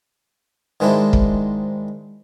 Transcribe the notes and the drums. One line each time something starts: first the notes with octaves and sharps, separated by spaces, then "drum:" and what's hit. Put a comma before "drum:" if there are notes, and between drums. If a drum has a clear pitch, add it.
G#2 D#3 G#3 C4 D4 E4
drum: kick